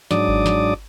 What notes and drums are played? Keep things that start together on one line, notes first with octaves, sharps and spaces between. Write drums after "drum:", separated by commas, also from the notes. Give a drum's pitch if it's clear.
G#2 F#3 D4 D5 D6 D#6, drum: snare
drum: kick G#1
drum: snare